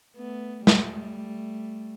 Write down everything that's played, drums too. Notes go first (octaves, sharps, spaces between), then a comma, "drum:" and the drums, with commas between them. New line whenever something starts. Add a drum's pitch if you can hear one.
A3 B3
G3 A3, drum: snare